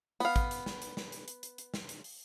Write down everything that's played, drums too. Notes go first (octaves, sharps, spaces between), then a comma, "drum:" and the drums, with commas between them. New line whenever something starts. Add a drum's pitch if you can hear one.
B3 F5, drum: open hi-hat
drum: kick, hi-hat
drum: hi-hat
drum: snare
drum: hi-hat
drum: snare
drum: hi-hat
drum: hi-hat
drum: hi-hat
drum: hi-hat
drum: snare
drum: hi-hat
drum: open hi-hat